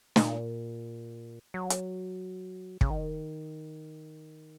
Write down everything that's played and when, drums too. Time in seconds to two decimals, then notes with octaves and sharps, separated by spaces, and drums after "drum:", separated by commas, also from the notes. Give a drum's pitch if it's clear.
0.16 A#2, drum: snare
1.54 F#3
1.70 drum: hi-hat
2.81 C#3, drum: kick
2.90 D#3